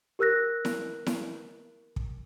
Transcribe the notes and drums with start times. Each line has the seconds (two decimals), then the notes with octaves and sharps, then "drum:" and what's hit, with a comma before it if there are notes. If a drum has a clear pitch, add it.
0.19 G4 A#4 E6 F#6 A#6
0.65 drum: snare E4
1.06 drum: snare E4
1.96 drum: kick